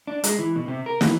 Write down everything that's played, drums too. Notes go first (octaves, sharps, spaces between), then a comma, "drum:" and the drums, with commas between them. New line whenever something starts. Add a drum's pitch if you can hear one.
D4
G#3, drum: hi-hat
E3
B2
C3
A#4
E3, drum: snare